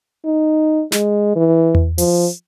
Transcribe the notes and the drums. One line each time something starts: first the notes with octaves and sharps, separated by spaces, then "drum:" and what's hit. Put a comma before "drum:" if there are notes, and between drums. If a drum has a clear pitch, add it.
D#4
G#3, drum: snare
E3
drum: tom E2
F3, drum: open hi-hat